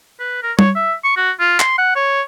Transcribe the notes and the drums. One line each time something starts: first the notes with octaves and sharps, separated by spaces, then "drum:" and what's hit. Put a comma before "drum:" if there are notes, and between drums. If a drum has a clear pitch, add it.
B4
A#4
C#5, drum: tom G3
E5
C#6
F#4
F4
C6, drum: clap
F#5
C#5